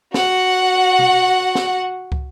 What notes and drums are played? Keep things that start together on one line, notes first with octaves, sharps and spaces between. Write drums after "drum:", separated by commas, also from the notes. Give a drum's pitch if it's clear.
F#4 F#5, drum: snare
drum: tom B2
drum: snare
drum: kick